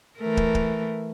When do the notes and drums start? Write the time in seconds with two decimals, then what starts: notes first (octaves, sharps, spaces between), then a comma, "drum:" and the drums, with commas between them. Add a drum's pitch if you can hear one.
0.20 E3 A3 A#4
0.37 drum: kick
0.55 drum: kick